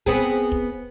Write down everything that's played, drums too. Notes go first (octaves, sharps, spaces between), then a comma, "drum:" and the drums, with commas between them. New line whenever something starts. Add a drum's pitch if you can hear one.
B3 C4 G#4, drum: kick
drum: kick